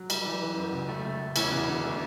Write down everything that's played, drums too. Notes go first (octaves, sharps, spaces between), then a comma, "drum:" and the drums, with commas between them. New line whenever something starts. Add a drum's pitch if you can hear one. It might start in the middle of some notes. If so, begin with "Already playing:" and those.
Already playing: F#3
G3, drum: cymbal
E3
E3
F#2
C#2
A3
A3
A3
E2 C#4 E4, drum: cymbal
E2
D3
A3